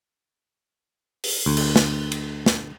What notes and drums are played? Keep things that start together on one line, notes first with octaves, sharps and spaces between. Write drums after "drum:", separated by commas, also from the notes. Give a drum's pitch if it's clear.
drum: open hi-hat
D2
drum: cymbal
drum: snare
drum: cymbal
drum: snare